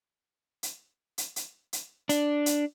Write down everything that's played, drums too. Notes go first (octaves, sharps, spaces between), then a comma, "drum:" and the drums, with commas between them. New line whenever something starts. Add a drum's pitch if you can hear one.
drum: hi-hat
drum: hi-hat
drum: hi-hat
drum: hi-hat
D4, drum: hi-hat
drum: hi-hat